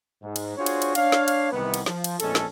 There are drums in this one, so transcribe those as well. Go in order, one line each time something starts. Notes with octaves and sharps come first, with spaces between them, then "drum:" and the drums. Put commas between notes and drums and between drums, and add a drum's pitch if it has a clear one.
G#2
drum: cymbal
D4 F4 F#4 G#4 C5 C#5
drum: cymbal
drum: cymbal
D4 C#5 F5, drum: cymbal
drum: snare
drum: cymbal
C2 C3 D#3 E3 B3
drum: cymbal
F3, drum: snare
drum: cymbal
A#1 E2 G#3 C#4 A4, drum: cymbal
drum: snare